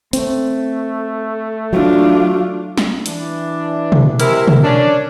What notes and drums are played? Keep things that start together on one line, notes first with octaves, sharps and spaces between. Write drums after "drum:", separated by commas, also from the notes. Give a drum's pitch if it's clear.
A3 C4, drum: hi-hat
F#3 D4 F4
drum: snare
E3 D4, drum: hi-hat
drum: tom
C3 G#3 E4 A#4 F6, drum: hi-hat
drum: tom
C#4 D4